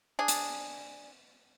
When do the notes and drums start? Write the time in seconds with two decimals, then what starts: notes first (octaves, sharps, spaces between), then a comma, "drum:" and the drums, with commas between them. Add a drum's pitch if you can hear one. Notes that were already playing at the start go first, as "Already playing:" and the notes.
0.19 D4 G#4
0.28 drum: hi-hat